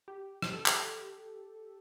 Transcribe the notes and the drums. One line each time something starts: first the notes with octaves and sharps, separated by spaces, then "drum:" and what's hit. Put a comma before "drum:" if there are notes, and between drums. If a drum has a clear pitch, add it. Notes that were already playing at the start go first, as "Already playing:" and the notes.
G4
G4, drum: rim click
A4
drum: clap
G4